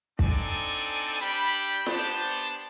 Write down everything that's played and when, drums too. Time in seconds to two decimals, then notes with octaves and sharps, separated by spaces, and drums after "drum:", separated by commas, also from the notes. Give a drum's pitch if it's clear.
0.19 C4 D4 D#4 A4 D5 G#5, drum: kick
1.21 G3 D4 G5 B5
1.86 B3 D4 G4 C5 A5, drum: snare